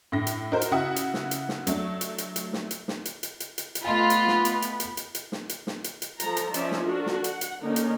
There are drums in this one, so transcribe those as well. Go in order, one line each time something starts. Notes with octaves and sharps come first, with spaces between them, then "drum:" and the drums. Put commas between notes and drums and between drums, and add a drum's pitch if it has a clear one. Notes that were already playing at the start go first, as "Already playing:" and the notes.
A2 D3 A#6
drum: hi-hat
D#4 F#4 A#4 C5
drum: hi-hat
C#3 E4 F#4 F#5 D#6
drum: hi-hat
drum: snare
drum: hi-hat
drum: snare
F#3 A3 D4, drum: hi-hat
drum: hi-hat
drum: hi-hat
drum: hi-hat
drum: snare
drum: hi-hat
drum: snare
drum: hi-hat
drum: hi-hat
drum: hi-hat
drum: hi-hat
drum: hi-hat
A3 B3 F4 D#5 G#5 B5
drum: hi-hat
drum: snare
drum: hi-hat
drum: hi-hat
drum: hi-hat
drum: hi-hat
drum: hi-hat
drum: snare
drum: hi-hat
drum: snare
drum: hi-hat
drum: hi-hat
F3 A4 A#5, drum: hi-hat
drum: hi-hat
F3 C#4 D#4 D5 E5, drum: hi-hat
drum: snare
D4 F#4 A4 A#4
drum: snare
F#5, drum: hi-hat
drum: hi-hat
D3 A#3 C#4 D#4 A#4
drum: hi-hat